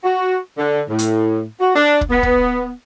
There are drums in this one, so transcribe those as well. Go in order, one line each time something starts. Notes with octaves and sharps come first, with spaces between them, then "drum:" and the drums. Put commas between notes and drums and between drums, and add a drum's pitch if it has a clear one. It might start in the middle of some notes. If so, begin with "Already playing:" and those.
F#4
D3
A2
drum: hi-hat
F#4
D4
drum: kick
B3
drum: kick